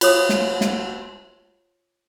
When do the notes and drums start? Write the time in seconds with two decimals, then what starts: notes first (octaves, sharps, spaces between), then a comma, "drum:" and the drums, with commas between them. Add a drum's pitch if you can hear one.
0.01 F4 C#5 D#6, drum: cymbal
0.29 drum: snare
0.61 drum: snare